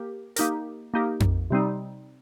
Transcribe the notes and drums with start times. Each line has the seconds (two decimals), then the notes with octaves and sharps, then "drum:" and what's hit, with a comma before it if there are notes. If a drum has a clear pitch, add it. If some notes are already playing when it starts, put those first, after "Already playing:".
Already playing: A#3 G4 A#4
0.36 A#3 D#4 G4 A#4, drum: hi-hat
0.94 A#3 D#4 G4 A#4
1.20 drum: tom F2
1.50 C3 G3 C4 D#4